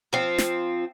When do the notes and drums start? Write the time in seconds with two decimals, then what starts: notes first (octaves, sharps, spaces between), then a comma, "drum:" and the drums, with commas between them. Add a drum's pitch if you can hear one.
0.13 F3 C4
0.38 drum: snare